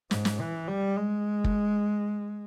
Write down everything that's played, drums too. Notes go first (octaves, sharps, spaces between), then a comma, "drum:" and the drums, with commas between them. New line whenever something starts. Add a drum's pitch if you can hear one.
G#2, drum: snare
drum: snare
E3
G3
G#3
drum: kick